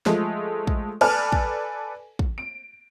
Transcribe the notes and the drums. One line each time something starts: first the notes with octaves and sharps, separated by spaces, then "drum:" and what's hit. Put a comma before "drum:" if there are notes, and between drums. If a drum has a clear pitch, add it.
F3 G#3 A3, drum: snare
drum: kick
A4 B4 D5 G#5 A5 F6, drum: cymbal
drum: kick
drum: kick
D7